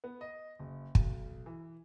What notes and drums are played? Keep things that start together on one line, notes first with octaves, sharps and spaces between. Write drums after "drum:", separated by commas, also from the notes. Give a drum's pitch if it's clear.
B3
D#5
F#1
B1, drum: kick
E3